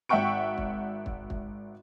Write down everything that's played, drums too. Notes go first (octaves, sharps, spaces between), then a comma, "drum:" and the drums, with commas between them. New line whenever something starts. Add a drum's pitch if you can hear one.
G#1 E5 F#5 G5 C#6 D7
drum: kick
drum: kick
drum: kick